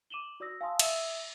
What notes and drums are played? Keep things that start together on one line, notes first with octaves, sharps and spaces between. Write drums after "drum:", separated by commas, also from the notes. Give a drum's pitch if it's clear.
D6 D#7 E7 F#7 G7
F#4 D5 D#6 E6 A#6
F5 G#5 A5 C6 D#6 E6
D5 E5 D#6 E6 C#7, drum: cymbal